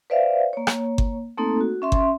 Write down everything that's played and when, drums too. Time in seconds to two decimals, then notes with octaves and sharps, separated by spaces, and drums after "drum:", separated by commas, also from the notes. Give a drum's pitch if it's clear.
0.10 B4 C5 D5 E5 F5
0.53 A#3 C#5
0.67 drum: rim click
0.98 drum: kick G1
1.38 A3 A#3 C4 D#4 A4
1.61 F#4
1.82 C#4 E5 C6
1.92 drum: kick G1